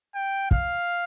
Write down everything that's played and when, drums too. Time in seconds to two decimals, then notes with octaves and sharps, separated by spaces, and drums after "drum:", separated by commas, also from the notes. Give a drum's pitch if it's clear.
0.15 G5
0.51 F5, drum: kick